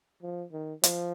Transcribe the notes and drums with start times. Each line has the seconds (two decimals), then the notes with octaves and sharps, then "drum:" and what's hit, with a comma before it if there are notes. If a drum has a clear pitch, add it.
0.22 F3
0.52 D#3
0.83 F3, drum: hi-hat